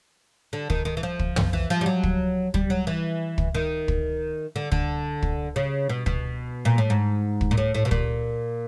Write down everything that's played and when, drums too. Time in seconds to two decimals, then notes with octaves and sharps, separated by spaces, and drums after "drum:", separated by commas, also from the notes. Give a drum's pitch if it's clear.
0.53 D3
0.70 D#3, drum: kick
0.85 D#3
0.97 E3
1.03 F3
1.19 drum: kick
1.36 drum: tom
1.53 E3
1.70 F3
1.81 G3
1.86 F#3
2.03 drum: kick
2.54 G3, drum: kick
2.70 F#3
2.87 E3
3.38 drum: kick
3.55 D#3
3.88 drum: kick
4.56 D3
4.72 D3, drum: kick
5.22 drum: kick
5.56 C#3
5.89 B2
6.06 B2, drum: kick
6.65 A#2
6.78 A2
6.90 G#2
7.41 drum: kick
7.51 A#2
7.57 A2
7.74 A2
7.85 B2
7.91 A#2, drum: kick